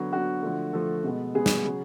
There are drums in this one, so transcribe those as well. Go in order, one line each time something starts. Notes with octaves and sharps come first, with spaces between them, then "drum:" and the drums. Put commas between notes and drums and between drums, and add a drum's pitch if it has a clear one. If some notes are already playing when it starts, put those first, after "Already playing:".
Already playing: D3 F#3 B3
D3 F#3 B3 F#4
D3 F3 A3
D3 F3 A3 A4
B2 G#3 B3
B2 G#3 B3 G#4
drum: snare
C#3 F#3